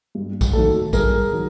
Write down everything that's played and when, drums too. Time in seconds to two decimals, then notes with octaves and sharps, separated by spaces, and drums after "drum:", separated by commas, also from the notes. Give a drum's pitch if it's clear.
0.15 G2
0.41 drum: kick A#1, tambourine
0.53 D#3 F#3 A3 A4
0.93 G2 G#4 A#4, drum: kick A#1, tambourine
1.32 D#3 F#3